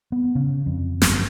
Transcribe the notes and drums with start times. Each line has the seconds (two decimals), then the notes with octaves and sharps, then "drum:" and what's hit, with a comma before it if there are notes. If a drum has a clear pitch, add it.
0.12 B3
0.35 C#3
0.66 F2
1.02 G1, drum: snare